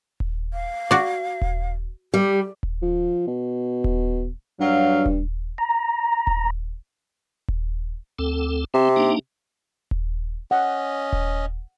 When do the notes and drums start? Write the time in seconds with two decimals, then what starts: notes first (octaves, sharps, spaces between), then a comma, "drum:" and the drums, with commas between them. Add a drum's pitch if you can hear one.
0.20 drum: kick D#1
0.53 F5
0.91 F#4 D5
1.42 drum: kick D#1
2.14 G3 G4
2.63 drum: kick D#1
2.82 F3
3.28 B2
3.84 drum: kick D#1
4.60 G2 F#3 F5
5.06 drum: kick D#1
5.58 A#5
6.27 drum: kick D#1
7.48 drum: kick D#1
8.19 D2 C4 A4
8.74 C3 C4
8.96 A#3 D4 D#4
9.91 drum: kick D#1
10.51 C#4 D#5 F#5
11.13 drum: kick D#1